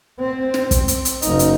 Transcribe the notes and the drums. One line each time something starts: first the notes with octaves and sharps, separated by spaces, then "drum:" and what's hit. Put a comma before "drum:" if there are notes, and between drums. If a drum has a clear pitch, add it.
C4
drum: snare
drum: kick, hi-hat
drum: hi-hat
drum: hi-hat
F#1 D#4, drum: hi-hat
drum: hi-hat